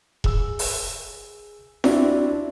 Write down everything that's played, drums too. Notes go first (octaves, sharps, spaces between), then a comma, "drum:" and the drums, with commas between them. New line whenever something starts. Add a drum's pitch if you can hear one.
G#4 E6, drum: kick E1
drum: open hi-hat
C4 D4 E4 F#4 E5, drum: snare F4